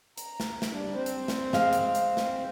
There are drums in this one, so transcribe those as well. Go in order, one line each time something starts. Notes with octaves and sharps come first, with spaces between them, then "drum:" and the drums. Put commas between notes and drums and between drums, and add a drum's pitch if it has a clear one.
A#5, drum: hi-hat
drum: snare
drum: snare
G3 D4
C4 C5
drum: hi-hat
drum: snare
G#3 F5, drum: snare
drum: hi-hat
drum: hi-hat
drum: snare